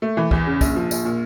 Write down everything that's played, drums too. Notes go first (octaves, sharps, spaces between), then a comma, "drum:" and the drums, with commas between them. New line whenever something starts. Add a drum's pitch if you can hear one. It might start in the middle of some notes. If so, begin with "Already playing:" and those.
A3
E3
E2, drum: kick
C#3
A#1, drum: kick, tambourine
F3
A#1, drum: tambourine
A#2